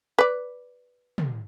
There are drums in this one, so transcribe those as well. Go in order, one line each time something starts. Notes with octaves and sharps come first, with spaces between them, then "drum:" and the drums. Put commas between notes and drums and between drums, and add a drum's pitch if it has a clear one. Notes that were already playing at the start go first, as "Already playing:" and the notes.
B4 D5
drum: tom